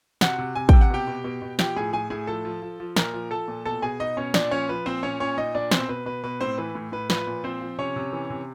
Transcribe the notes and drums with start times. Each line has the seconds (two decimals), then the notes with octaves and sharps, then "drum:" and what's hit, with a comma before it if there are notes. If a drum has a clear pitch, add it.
0.21 C3 F#4 F#5, drum: snare
0.38 C3
0.55 C3 G#5
0.69 C3 G5, drum: kick
0.81 F#5
0.90 B2 G4 G5
1.07 B2
1.24 B2
1.42 B2
1.59 F3 G4 G5, drum: snare
1.76 A2 G#4 G#5
1.93 A2 G#4 G#5
2.10 A2 G#4 G#5
2.27 F3 A4 A5
2.45 F3
2.62 F3
2.80 F3
2.96 A#2 A#4 A#5, drum: snare
3.14 F3
3.31 F3 A4 A5
3.48 A#2
3.65 B2 A4 A5
3.82 B2 G#4 G#5
4.00 B2 D#4 D#5
4.17 B2 C#4 C#5
4.34 A#2 D4 D5, drum: snare
4.51 F3 C#4 C#5
4.69 F3 B4
4.86 A#2 C4 C5
5.03 A#2 C#4 C#5
5.20 A#2 C#4 C#5
5.37 A#2 D#4 D#5
5.55 A#2 D4 D5
5.71 B2 C4 C5, drum: snare
5.89 B2 B4
6.06 B2 B4
6.24 B2 B4
6.41 A2 C4 C5
6.58 E3 B4
6.75 A2
6.92 A2 B4
7.10 F3 B4, drum: snare
7.27 A#2
7.44 F3 C4 C5
7.61 F3
7.78 C3 C#4 C#5
7.96 C3
8.13 E3
8.30 C3